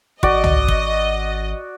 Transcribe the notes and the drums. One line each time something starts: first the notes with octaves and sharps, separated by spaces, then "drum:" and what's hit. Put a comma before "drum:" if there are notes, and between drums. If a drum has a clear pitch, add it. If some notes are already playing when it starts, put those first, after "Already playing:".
G#1 F#4 D5 D#5, drum: kick
drum: tom
drum: kick